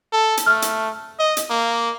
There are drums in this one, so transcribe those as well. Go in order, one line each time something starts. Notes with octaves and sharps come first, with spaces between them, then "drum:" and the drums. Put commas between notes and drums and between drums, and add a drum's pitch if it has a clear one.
A4
drum: hi-hat
A3 F6
drum: hi-hat
D#5
drum: hi-hat
A#3